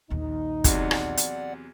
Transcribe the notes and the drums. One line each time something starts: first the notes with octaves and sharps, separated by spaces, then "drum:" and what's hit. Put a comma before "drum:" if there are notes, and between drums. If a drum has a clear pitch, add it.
A#1 D#2 D#4
E2 C3 F#3 D5 F#5, drum: kick, hi-hat
drum: rim click
drum: hi-hat